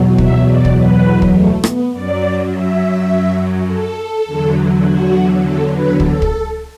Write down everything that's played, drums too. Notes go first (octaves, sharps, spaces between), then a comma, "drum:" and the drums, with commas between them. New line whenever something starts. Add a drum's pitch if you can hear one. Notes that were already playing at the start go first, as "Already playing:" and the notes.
Already playing: E2 B2 F#3
E5, drum: kick
D5
drum: kick
B4
drum: kick
A3
B3, drum: rim click
F#2 F#3 D5
E5
A4
E2 D3 F#3
F#4
A4
B4
A4, drum: kick
drum: kick